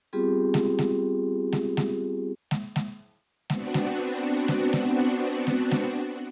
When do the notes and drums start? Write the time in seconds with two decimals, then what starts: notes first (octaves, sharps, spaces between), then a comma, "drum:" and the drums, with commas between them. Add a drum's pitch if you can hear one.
0.13 G3 B3 C4 F4 G4 G#4
0.54 drum: snare G#3
0.79 drum: snare G#3
1.53 drum: snare G#3
1.77 drum: snare G#3
2.51 drum: snare G#3
2.76 drum: snare G#3
3.50 B3 C4 D4 F#4, drum: snare G#3
3.74 drum: snare G#3
4.48 drum: snare G#3
4.73 drum: snare G#3
5.47 drum: snare G#3
5.71 drum: snare G#3